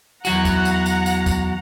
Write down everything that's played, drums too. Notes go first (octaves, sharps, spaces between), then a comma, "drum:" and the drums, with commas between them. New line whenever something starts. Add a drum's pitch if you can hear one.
E2 F#3 F#4 F#5 A#5, drum: tambourine
drum: kick, tambourine
drum: tambourine
drum: tambourine
drum: tambourine
drum: kick, tambourine